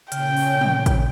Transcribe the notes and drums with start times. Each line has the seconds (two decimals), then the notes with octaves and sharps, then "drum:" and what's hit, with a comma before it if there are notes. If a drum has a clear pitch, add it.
0.12 A#2 C#3 C#4 G5, drum: hi-hat
0.37 drum: open hi-hat
0.61 drum: tom
0.86 drum: kick, hi-hat